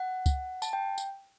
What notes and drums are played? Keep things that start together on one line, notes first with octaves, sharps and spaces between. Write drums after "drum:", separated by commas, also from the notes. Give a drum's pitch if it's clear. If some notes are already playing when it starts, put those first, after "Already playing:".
Already playing: F#5
drum: kick, tambourine
A5, drum: tambourine
G5
drum: tambourine